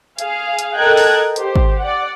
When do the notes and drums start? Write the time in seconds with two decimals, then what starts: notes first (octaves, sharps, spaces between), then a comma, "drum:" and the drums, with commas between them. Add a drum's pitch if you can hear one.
0.19 G#4 F5, drum: hi-hat
0.59 drum: hi-hat
0.77 A4 A#4 D#5 G5 F#6 G#6
0.97 drum: open hi-hat
1.36 G4 C5, drum: hi-hat
1.56 drum: kick
1.80 D5 F#5